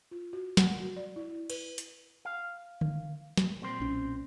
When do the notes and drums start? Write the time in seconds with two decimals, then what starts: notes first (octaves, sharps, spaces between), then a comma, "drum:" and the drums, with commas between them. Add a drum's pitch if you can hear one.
0.11 F4
0.33 F#4
0.57 F#5, drum: snare
0.80 F#4
0.96 D5
1.16 E4
1.50 B4, drum: cymbal
1.78 drum: hi-hat
2.25 F5
2.81 drum: tom D3
3.37 drum: snare
3.62 A#2 C4 C5
3.80 B1 C#4